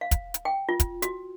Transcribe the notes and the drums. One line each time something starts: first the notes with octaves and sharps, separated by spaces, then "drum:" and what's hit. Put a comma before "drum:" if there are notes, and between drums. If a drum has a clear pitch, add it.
F5
drum: kick, hi-hat
drum: hi-hat
G5
F4
drum: kick, hi-hat
F#4, drum: hi-hat